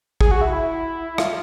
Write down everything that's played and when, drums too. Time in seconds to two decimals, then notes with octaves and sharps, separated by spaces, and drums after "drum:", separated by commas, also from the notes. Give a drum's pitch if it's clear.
0.21 G#4, drum: kick
0.31 F#4
0.41 E4
0.53 E4
1.18 F4, drum: rim click